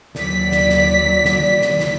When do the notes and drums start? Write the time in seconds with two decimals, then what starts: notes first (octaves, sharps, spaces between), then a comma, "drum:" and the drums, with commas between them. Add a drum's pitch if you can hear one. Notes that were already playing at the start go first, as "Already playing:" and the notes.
0.15 D#2 F#3 D5 B6, drum: snare
0.51 drum: snare
0.70 drum: snare
1.25 drum: snare
1.61 drum: snare
1.80 drum: snare